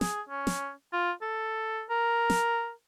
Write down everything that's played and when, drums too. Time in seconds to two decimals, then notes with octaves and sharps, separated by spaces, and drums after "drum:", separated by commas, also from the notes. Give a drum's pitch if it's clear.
0.01 G#4, drum: snare
0.29 C#4
0.47 drum: snare
0.93 F4
1.22 A4
1.90 A#4
2.30 drum: snare